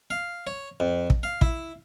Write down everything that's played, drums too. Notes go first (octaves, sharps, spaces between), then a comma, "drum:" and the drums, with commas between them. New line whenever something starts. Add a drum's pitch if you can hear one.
F5
C#5
F2
drum: kick
F5
E4, drum: kick